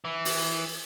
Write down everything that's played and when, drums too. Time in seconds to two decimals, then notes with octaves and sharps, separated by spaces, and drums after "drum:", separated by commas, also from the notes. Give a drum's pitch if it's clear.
0.05 E3
0.25 drum: open hi-hat